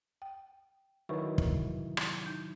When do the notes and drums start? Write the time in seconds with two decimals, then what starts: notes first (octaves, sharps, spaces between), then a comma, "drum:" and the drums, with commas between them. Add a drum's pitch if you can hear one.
0.22 G5
1.09 D#3 F#3 E4 B4 C#6
1.38 A2 C3 E3, drum: kick
1.97 drum: rim click
2.26 D#4 G6